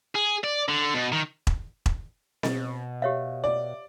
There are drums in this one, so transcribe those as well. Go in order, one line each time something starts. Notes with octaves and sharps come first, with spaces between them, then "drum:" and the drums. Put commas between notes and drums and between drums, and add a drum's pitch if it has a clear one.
G#4
D5
D3
B2
D#3
drum: kick E1
drum: kick E1
B2 D#5, drum: snare C4
G4 C#5 E5 F5
D5